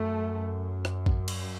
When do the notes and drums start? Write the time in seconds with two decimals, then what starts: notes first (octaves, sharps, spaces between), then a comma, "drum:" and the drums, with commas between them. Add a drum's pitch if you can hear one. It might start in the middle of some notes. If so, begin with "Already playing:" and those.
Already playing: F#2 A3
0.85 drum: rim click
1.06 drum: kick
1.28 drum: cymbal